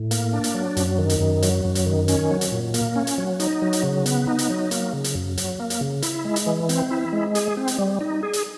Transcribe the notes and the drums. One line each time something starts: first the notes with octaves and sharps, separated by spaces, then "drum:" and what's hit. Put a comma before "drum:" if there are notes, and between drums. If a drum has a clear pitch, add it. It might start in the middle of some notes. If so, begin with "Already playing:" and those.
Already playing: A2
A#3, drum: hi-hat
D4
drum: hi-hat
F#3
F#2, drum: hi-hat
D#3
drum: hi-hat
F#2
F#3, drum: hi-hat
F#2
drum: hi-hat
D#3
C#4, drum: hi-hat
F#3
drum: hi-hat
A#2
A#3, drum: hi-hat
C#4
drum: hi-hat
F#3
D#4, drum: hi-hat
F#3
drum: hi-hat
C#3
B3, drum: hi-hat
D#4
drum: hi-hat
F#3
A#3, drum: hi-hat
C#3
drum: hi-hat
F#2
F#3, drum: hi-hat
A#3
drum: hi-hat
C#3
E4, drum: hi-hat
G#3
drum: hi-hat
E3
C4, drum: hi-hat
E4
G#3
G#4, drum: hi-hat
C4
drum: hi-hat
G3
D#4
G#4
drum: hi-hat